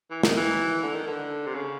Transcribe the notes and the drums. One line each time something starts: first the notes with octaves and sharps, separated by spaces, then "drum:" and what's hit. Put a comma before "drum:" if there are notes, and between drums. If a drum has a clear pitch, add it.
E3
D#3, drum: snare
E3
D3
D#3
D3
C3
C#3